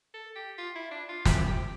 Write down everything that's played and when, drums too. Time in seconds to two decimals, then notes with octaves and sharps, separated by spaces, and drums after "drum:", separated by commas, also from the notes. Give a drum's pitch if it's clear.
0.14 A4
0.36 G4
0.58 F4
0.76 E4
0.92 D4
1.09 F4
1.25 G4, drum: snare
1.48 G4